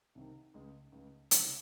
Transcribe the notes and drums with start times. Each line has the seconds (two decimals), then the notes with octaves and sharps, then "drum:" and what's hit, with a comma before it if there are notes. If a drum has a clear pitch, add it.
0.15 C2 C3 D#3
0.54 C#2 C#3 G#3
0.92 C#2 C#3 G#3
1.31 C#2 C3 F3 C4, drum: hi-hat